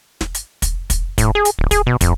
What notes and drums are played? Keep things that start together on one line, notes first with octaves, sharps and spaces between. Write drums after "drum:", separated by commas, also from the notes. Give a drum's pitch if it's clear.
drum: snare
drum: hi-hat
drum: kick, hi-hat
drum: kick, hi-hat
A2, drum: kick, hi-hat
G#4
drum: hi-hat
D1
G#4, drum: kick, hi-hat
B2
F2, drum: kick, hi-hat